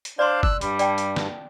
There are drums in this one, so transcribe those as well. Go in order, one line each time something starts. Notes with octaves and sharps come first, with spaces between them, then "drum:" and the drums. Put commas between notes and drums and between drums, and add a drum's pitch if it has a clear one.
drum: hi-hat
D4 C5 D5 F5 C6
E6 F#6, drum: kick
G2 G3, drum: hi-hat
D5 G5 A5, drum: hi-hat
drum: hi-hat
drum: snare